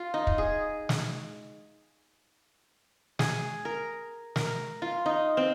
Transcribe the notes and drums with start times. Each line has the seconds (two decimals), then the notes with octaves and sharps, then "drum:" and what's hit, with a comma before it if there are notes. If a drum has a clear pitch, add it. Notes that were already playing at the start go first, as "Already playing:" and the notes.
Already playing: F4
0.14 D#4
0.27 drum: kick
0.38 G#4
0.89 drum: snare
3.19 G#4, drum: snare
3.65 A#4
4.36 A#4, drum: snare
4.82 F4
5.06 D#4
5.37 C4